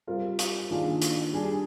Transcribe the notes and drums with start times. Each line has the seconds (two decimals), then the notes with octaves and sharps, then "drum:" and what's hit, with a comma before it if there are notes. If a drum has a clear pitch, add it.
0.07 G3 C4 F4 A#4
0.39 drum: hi-hat
0.70 D#3 A#3 D4 F4 G#4
1.02 drum: hi-hat
1.33 G3 D4 G#4